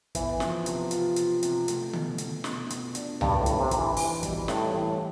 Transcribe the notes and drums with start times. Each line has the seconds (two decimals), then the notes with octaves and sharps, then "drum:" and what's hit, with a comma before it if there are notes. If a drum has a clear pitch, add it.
0.15 E3 B3, drum: kick, hi-hat
0.40 F3, drum: snare
0.66 C3, drum: hi-hat
0.91 F4, drum: hi-hat
1.16 F4, drum: hi-hat
1.43 C3, drum: hi-hat
1.68 A3, drum: hi-hat
1.93 B2, drum: tom D3
2.18 B2, drum: hi-hat
2.44 B2, drum: snare
2.70 B2, drum: hi-hat
2.95 D4, drum: hi-hat
3.21 G2 D4, drum: tom C2
3.40 A2
3.46 G4, drum: hi-hat
3.59 C3
3.71 G4, drum: kick, hi-hat
3.78 E3
3.97 E3, drum: open hi-hat
4.23 B2 G3, drum: kick, hi-hat
4.48 A2 E3, drum: snare
4.74 A2 E3